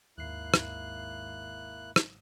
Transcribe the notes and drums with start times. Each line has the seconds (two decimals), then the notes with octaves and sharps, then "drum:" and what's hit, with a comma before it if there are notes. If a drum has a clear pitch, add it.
0.18 G#1 D#2 A#3 E4 F#6 C7
0.54 drum: rim click
1.96 drum: rim click